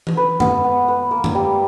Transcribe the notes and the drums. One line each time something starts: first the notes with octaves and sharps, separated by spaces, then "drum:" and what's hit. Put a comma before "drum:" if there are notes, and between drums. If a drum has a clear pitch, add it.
drum: tom E3
B4
B3, drum: tom
B3
B4
A#3
drum: tom
G3